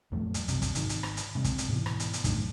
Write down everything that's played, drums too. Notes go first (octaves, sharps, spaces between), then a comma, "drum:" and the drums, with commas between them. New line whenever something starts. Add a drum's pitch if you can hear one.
D#1 F#2 F3 A3
drum: hi-hat
B1 F#2 C3 F#3, drum: hi-hat
drum: kick, hi-hat
G#1 D#3, drum: hi-hat
drum: hi-hat
drum: rim click
drum: hi-hat
C3 G#3
drum: kick, hi-hat
drum: hi-hat
G#2 B2 D#3 E3
drum: rim click
drum: hi-hat
drum: hi-hat
F#2 A2 D3 D#3, drum: kick, hi-hat